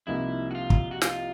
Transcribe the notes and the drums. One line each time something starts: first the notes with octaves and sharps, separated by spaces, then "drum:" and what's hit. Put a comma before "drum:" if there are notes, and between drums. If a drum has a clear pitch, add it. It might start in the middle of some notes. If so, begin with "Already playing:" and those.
C2 C3 F3 A#3 D#4 E4
F#4
F4
drum: kick
F#4
F4, drum: snare